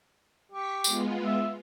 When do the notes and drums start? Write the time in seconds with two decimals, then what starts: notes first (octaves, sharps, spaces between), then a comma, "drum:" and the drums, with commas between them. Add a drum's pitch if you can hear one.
0.52 G4 C#6 B6
0.84 G#3 B3 F4, drum: tambourine
1.25 E5